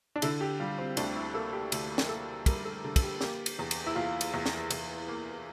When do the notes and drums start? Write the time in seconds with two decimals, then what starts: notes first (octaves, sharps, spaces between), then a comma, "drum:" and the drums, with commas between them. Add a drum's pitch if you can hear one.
0.16 D4
0.22 D3 E4, drum: cymbal
0.41 G4
0.60 G3 F4
0.78 C4
0.97 D2 D4, drum: cymbal
1.16 E4
1.34 A#3 A4
1.53 G4
1.72 D2, drum: cymbal
1.98 A#4, drum: snare
2.09 A#3 A4
2.46 G3 A#4, drum: kick, cymbal
2.65 A4
2.84 D3
2.96 A4, drum: kick, cymbal
3.03 G4
3.21 A#3 G4, drum: snare
3.46 drum: cymbal
3.59 E2
3.71 drum: cymbal
3.87 E4
3.96 E2 F4
4.21 drum: cymbal
4.34 E2
4.46 drum: snare
4.70 E2, drum: cymbal
5.08 A#3